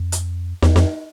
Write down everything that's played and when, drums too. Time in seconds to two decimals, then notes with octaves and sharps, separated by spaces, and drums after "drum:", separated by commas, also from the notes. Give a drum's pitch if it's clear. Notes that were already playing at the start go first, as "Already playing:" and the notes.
Already playing: F2
0.12 drum: hi-hat
0.62 E2, drum: snare
0.76 F2, drum: snare